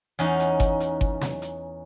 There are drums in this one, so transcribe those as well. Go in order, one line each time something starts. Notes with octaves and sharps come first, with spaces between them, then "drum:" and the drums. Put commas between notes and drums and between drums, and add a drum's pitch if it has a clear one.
E2 C#4 D#4, drum: hi-hat
drum: hi-hat
drum: kick G1, hi-hat
drum: hi-hat
drum: kick G1
drum: snare
drum: hi-hat